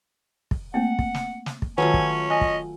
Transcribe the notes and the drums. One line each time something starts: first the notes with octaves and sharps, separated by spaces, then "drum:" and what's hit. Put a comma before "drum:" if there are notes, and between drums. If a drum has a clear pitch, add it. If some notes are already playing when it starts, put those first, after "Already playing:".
drum: kick
A3 A#3 C4 F#5
drum: kick
drum: snare
drum: snare
drum: kick
D#3 F#3 A3 C#4 F4 G#5
drum: kick
D#5 G#5
drum: kick